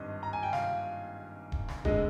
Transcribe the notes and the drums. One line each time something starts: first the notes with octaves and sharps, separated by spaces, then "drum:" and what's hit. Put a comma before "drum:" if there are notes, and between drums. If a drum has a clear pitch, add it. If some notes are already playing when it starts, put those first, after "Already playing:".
Already playing: G#1 G2 D#5
A#5
G#5
G5
F5, drum: snare
drum: kick D#1
drum: snare
F1 D3 G#3 D#5, drum: kick D#1